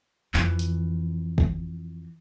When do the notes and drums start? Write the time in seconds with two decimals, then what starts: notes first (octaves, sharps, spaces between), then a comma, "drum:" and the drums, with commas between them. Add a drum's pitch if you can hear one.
0.34 F2 E3, drum: clap
0.59 drum: hi-hat
1.38 drum: kick